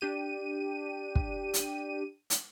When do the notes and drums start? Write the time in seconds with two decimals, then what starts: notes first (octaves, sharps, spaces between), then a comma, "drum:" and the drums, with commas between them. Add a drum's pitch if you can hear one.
0.01 D4 G4 D#7
1.15 drum: kick
1.54 drum: hi-hat
2.30 drum: hi-hat